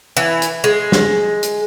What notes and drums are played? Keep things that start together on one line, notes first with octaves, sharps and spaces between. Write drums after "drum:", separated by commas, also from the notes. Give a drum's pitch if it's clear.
E3
drum: hi-hat
G#3
drum: snare
drum: hi-hat